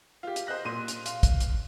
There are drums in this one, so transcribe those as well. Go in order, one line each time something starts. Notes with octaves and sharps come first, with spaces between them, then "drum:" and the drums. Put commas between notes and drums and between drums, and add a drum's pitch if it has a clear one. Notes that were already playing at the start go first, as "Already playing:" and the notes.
F4 G4
drum: hi-hat
C5 D#5 F#6 A#6
A#2 C6 D#7
drum: hi-hat
F5, drum: hi-hat
drum: kick, hi-hat
drum: hi-hat